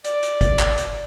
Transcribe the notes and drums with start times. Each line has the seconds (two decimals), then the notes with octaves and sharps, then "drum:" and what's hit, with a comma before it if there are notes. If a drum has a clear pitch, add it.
0.04 D5, drum: hi-hat
0.23 drum: hi-hat
0.41 drum: kick, hi-hat
0.59 drum: clap
0.77 drum: hi-hat